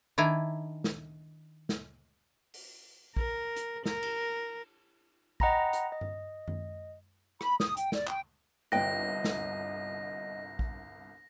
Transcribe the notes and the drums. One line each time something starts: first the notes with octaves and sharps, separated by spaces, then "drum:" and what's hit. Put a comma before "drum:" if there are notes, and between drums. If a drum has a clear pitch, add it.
D#3 D4 E4 G#5 A#5
drum: snare
drum: snare
drum: open hi-hat
A#4, drum: kick A#1
drum: hi-hat
A#4, drum: snare
drum: cymbal
D#5 F#5 G5 A#5 B5 A#6, drum: kick A#1
drum: hi-hat
D#5
drum: tom G2
drum: tom F#2
B5, drum: rim click
D#6, drum: snare
G5, drum: hi-hat
D5, drum: snare
G5, drum: clap
G1 C2 B4 D#5 G5 A#6
drum: snare
drum: kick A#1